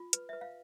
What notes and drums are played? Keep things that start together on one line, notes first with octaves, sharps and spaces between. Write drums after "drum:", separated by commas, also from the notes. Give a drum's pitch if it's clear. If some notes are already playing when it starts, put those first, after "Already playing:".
Already playing: F4
B4, drum: hi-hat
B4 E5
F5